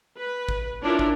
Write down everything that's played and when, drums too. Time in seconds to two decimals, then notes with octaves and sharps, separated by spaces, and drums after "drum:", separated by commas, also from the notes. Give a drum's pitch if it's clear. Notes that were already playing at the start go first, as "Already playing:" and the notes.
0.18 B4
0.49 drum: kick
0.82 C#4 D4 E4 F4 A#4
0.99 drum: kick